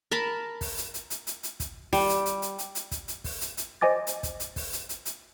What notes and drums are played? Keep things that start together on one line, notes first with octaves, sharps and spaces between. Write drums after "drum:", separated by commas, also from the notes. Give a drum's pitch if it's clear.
A#4 A5 B5
drum: kick, open hi-hat
drum: hi-hat
drum: hi-hat
drum: hi-hat
drum: hi-hat
drum: hi-hat
drum: kick, hi-hat
G3, drum: kick, open hi-hat
drum: hi-hat
drum: hi-hat
drum: hi-hat
drum: hi-hat
drum: hi-hat
drum: kick, hi-hat
drum: hi-hat
drum: kick, open hi-hat
drum: hi-hat
drum: hi-hat
C5 D#5 G#5 D6 A6
drum: hi-hat
drum: kick, hi-hat
drum: hi-hat
drum: kick, open hi-hat
drum: hi-hat
drum: hi-hat
drum: hi-hat